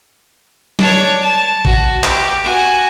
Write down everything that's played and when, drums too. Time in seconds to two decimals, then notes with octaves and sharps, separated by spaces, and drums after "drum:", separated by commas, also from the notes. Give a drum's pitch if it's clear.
0.79 D4 C#5, drum: snare
1.21 A5
1.65 F#4, drum: kick G#1
2.04 G4, drum: clap
2.44 F#4 G#5